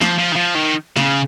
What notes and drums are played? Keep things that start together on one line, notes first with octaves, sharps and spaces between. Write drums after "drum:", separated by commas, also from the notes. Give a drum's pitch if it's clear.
F3, drum: snare
F3
D#3
F3
D#3
C#3, drum: snare